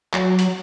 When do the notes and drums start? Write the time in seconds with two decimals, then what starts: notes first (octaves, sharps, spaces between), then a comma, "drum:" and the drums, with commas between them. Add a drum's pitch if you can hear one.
0.14 F#3, drum: clap
0.39 drum: hi-hat